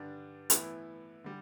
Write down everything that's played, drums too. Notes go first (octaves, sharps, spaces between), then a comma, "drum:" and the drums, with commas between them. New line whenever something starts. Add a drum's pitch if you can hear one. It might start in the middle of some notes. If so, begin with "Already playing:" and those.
Already playing: G2 D3 G3 D4
A2 E3 B3 E4, drum: hi-hat
D3 G3